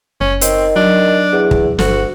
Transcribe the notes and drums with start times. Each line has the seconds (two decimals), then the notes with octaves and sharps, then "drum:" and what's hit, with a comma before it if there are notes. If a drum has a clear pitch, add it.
0.21 F#1 C#4
0.41 D#3 C4, drum: hi-hat
0.76 F#3 D4
1.32 E2
1.51 drum: kick
1.78 G1 D2 F#4, drum: snare